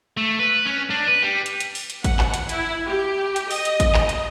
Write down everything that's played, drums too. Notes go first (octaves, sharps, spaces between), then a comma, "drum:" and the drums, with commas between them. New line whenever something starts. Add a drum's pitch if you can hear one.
A3
B4
C#4
D4
B4
G3
drum: hi-hat
drum: hi-hat
drum: open hi-hat
drum: hi-hat
F#5, drum: kick G#1, hi-hat
drum: clap
drum: hi-hat
E4, drum: hi-hat
G4
drum: hi-hat
D#5, drum: open hi-hat
drum: hi-hat
drum: kick G#1, hi-hat
drum: clap
drum: hi-hat